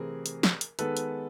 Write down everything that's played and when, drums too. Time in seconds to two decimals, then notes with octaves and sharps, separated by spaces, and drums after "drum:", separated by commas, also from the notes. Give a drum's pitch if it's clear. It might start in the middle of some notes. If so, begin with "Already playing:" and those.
Already playing: C3 E3 A3 C4 G#4 A#4
0.26 drum: hi-hat
0.43 drum: snare
0.61 drum: hi-hat
0.79 D#3 G#3 B3 A4 B4, drum: hi-hat
0.97 drum: hi-hat